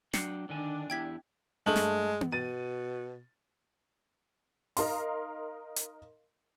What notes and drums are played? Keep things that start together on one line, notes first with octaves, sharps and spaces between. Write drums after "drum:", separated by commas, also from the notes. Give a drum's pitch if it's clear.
F#3 D4 G5 C7 C#7, drum: snare
D3 D#3 D4 G#5
E2 E4 G4 G5 G#6 B6
G2 G#3 A3 F#7
drum: snare
drum: tom B3
B2 A6 D#7
D#4 A#4 F5 C6, drum: open hi-hat
drum: hi-hat